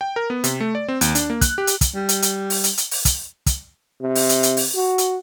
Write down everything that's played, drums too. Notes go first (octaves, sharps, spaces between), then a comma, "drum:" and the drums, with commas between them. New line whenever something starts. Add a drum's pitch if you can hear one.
G5
A#4
B3
C3, drum: hi-hat
A3
D5
C4
D#2, drum: hi-hat
D4, drum: hi-hat
A#3
F#6, drum: kick, hi-hat
G4
drum: hi-hat
drum: kick, hi-hat
G3
drum: hi-hat
drum: hi-hat
drum: open hi-hat
drum: hi-hat
drum: hi-hat
drum: open hi-hat
drum: kick, hi-hat
drum: kick, hi-hat
C3
drum: open hi-hat
drum: hi-hat
drum: hi-hat
drum: open hi-hat
F#4
drum: hi-hat